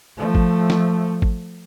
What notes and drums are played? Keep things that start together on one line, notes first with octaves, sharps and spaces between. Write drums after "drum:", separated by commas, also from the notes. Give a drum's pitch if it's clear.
F3 A3
drum: kick G#1
drum: snare
drum: kick G#1